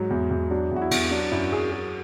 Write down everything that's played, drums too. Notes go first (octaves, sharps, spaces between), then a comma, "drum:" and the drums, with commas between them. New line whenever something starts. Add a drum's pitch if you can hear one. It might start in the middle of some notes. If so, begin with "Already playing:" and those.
Already playing: G#2 F#3
E2
E2
F#3 D4
E2 F#4
E4
E2, drum: cymbal
F#3 D4
F#2 E4
F#2 G#4
F#3 G#4